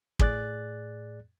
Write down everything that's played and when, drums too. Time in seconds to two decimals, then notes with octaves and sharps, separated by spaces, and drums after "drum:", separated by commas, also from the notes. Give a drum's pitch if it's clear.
0.19 A2 G#4 D5 F#6 A6, drum: kick